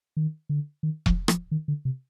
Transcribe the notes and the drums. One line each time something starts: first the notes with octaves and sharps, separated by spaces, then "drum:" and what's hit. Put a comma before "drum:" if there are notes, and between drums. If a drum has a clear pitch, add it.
D#3
D3
D#3
F3, drum: kick E1
F3, drum: rim click
D#3
D3
C3